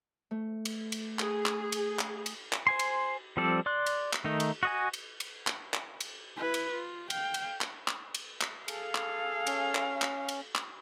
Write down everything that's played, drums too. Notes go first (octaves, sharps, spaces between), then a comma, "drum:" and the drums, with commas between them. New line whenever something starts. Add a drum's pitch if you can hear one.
A3
drum: cymbal
drum: cymbal
G#4, drum: clap
drum: clap
drum: cymbal
drum: clap
drum: cymbal
drum: clap
C5 G#5 C6
drum: cymbal
F3 G3 C4 A4 D5
D5 C6 F#6
drum: cymbal
drum: clap
D#3 A3 D#4
drum: cymbal
F#4 D#5 G#5
drum: cymbal
drum: cymbal
drum: clap
drum: clap
drum: cymbal
E4 B4
drum: cymbal
F4
F5 G5, drum: cymbal
drum: cymbal
drum: clap
drum: clap
drum: cymbal
drum: clap
G#4 A4 F5, drum: cymbal
drum: clap
C#4, drum: cymbal
drum: clap
drum: clap
drum: cymbal
drum: clap